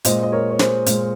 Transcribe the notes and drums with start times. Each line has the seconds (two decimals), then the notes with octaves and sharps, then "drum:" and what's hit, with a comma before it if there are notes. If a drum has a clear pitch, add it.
0.04 A#2 G#3 C5 D#5, drum: hi-hat
0.23 D#5
0.32 A#4 C#5
0.50 C#5
0.59 G#4 C5, drum: snare
0.86 A#2 G#3, drum: hi-hat